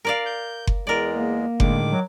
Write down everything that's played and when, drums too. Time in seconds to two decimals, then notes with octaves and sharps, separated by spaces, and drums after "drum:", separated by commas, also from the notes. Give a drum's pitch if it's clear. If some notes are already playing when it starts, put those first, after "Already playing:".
0.05 A#4 D5 F5
0.26 G6
0.67 drum: kick F#1
0.87 E2 G#3 A#4 D5
1.15 A#3
1.60 A2 D3 D#3 G#3 D6, drum: kick F#1
1.92 F#3